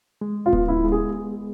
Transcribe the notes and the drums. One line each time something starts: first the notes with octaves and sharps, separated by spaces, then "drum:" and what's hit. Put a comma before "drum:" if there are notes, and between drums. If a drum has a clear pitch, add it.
G#3
F4
B3, drum: kick D1
E4
G#3
G#4